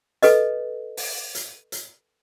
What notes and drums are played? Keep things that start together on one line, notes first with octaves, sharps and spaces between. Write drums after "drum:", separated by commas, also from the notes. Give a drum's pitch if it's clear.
A4 B4 D#5, drum: hi-hat
drum: open hi-hat
drum: hi-hat
drum: hi-hat